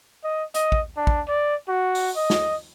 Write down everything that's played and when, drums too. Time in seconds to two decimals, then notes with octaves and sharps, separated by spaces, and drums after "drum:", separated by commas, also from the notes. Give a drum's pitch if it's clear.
0.24 D#5
0.54 D#5, drum: hi-hat
0.72 drum: kick
0.97 D4
1.07 drum: kick
1.28 D5
1.69 F#4
1.95 drum: open hi-hat
2.16 D#5
2.30 drum: snare